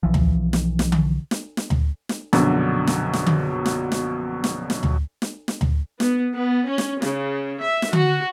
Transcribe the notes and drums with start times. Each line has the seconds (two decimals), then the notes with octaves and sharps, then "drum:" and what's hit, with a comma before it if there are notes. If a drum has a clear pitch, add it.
0.03 B1 E3 F3
0.14 drum: tom D2
0.53 drum: snare
0.79 drum: snare
0.92 drum: tom D3
1.31 drum: snare
1.57 drum: snare
1.70 drum: tom D2
2.09 drum: snare
2.33 A#1 F#2 B2 D3, drum: snare
2.87 drum: snare
3.13 drum: snare
3.26 drum: tom D3
3.66 drum: snare
3.92 drum: snare
4.44 drum: snare
4.70 drum: snare
4.83 drum: tom D2
5.22 drum: snare
5.48 drum: snare
5.61 drum: tom D2
6.00 B3, drum: snare
6.35 B3
6.68 C#4
6.78 drum: snare
7.02 C#3, drum: snare
7.62 E5
7.82 drum: snare
7.93 F#4, drum: tom D3